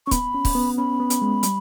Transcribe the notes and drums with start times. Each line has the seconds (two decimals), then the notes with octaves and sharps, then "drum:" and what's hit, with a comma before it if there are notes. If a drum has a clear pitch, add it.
0.06 C#4 C#6
0.11 B3 B5, drum: kick, hi-hat
0.34 C#4
0.45 drum: kick, open hi-hat
0.55 B3
0.78 C#4 B5
1.00 B3
1.10 drum: hi-hat
1.22 G#3
1.43 G3, drum: hi-hat